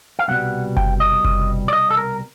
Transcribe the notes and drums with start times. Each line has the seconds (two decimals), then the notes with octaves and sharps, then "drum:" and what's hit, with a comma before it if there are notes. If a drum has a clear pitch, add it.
0.19 F5
0.28 C2 B2 G3 F#5
0.77 G5, drum: kick F#1
1.00 D#5
1.25 drum: kick F#1
1.68 D5
1.73 D#5
1.90 A4
1.97 A#4